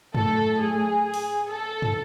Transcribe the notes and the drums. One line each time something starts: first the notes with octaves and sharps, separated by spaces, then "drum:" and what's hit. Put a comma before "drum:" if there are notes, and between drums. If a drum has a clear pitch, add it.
A2 F#3 A3 A4, drum: tom
G#4
G#4
drum: open hi-hat
A4
drum: tom